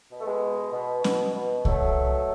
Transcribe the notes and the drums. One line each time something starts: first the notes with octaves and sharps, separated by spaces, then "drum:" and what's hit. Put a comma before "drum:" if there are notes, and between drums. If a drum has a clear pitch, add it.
B2
A3
G#3 B3
B2
B2
B2, drum: snare
B2
B2 F#3 A3, drum: kick C2
B2